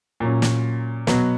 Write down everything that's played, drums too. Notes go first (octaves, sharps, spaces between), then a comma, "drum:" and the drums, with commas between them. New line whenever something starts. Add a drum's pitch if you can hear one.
A#2 F#3 C#4
drum: snare
B2 F#3 B3, drum: snare